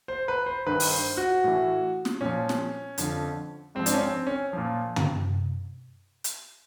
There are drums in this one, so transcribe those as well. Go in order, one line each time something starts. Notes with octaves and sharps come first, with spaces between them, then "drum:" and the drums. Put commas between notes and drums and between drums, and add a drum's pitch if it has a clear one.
C5
B4
C5
G2 D#3 B4
drum: open hi-hat
C5
F#4
A2 E3
drum: snare
A#2 F3 C#4
drum: snare
F2 D3 F3, drum: hi-hat
G#2 F3 C4
D4, drum: hi-hat
C#4
C4
C#4
A#2 F3
drum: tom
drum: hi-hat